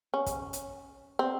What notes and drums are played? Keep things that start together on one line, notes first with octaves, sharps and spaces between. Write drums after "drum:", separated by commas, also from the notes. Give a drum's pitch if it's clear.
C#4
drum: kick, hi-hat
drum: hi-hat
C4